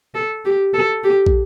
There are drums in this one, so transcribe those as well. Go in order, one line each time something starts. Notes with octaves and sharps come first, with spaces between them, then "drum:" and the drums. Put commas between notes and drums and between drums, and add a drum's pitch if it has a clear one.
A4
G4
A4
G4
drum: kick